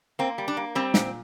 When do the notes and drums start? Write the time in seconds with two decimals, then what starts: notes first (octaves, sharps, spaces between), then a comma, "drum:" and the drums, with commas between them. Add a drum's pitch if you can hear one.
0.19 A#3 C4
0.38 G3
0.48 D4
0.57 A#3
0.75 G3 C4
0.94 A#2, drum: snare